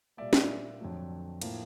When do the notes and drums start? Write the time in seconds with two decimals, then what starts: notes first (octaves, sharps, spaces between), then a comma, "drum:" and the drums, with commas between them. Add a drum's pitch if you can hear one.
0.17 A#2 G3 A#3 D5 E5
0.33 drum: snare
0.79 F2 D3 F#3 A3
1.42 A2 F3 A#3, drum: cymbal